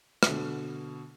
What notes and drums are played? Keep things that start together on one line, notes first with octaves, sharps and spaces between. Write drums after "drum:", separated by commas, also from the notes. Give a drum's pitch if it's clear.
B2 D3, drum: rim click